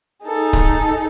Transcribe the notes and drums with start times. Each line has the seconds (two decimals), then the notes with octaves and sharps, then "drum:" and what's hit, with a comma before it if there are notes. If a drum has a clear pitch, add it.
0.24 D#4 G#4 A4
0.53 drum: kick D1